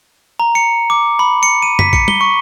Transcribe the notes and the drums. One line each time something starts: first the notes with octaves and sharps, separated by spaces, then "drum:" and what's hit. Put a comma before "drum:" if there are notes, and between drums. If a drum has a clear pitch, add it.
A#5
C#7
D6
B5
C#7
D#7
B6, drum: tom F#2
C#7, drum: kick A1
G7, drum: tom
C#6